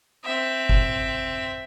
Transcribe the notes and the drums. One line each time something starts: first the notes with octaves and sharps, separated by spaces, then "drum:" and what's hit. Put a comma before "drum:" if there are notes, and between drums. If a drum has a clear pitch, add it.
C4 E5
drum: kick